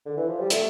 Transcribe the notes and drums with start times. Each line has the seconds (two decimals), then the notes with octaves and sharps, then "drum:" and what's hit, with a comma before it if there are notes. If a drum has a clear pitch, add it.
0.05 D3
0.17 E3
0.28 F3
0.39 G3
0.50 A3, drum: hi-hat